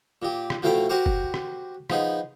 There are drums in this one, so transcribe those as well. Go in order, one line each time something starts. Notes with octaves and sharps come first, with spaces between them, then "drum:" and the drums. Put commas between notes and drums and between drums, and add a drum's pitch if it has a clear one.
A#2 G4
drum: rim click
B2 F3 A3 E4 F5 G5
F#4 G4 A#4 C5 C#6
drum: kick
drum: rim click
F3 B3 D#4 G#4, drum: rim click